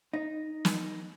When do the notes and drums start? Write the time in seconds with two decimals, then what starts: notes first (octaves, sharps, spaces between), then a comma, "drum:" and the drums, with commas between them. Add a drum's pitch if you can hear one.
0.13 D#4
0.65 drum: snare